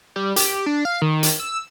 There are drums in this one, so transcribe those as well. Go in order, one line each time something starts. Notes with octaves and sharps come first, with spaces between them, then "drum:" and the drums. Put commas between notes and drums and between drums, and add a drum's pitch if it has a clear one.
G3
G4, drum: hi-hat
D4
F5
D#3
drum: hi-hat
E6